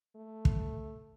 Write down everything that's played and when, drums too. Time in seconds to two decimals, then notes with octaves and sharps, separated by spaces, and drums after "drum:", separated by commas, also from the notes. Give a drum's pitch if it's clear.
0.15 A3
0.45 drum: kick